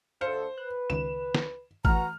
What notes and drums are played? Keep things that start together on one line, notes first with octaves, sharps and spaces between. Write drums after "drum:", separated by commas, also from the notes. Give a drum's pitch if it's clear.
D2 A4 C5 F5 C#7
B4 F#6
C#2 D#3 E7
drum: snare
E3 A3 F#4 B4 F#5 A#5 F6, drum: kick G#1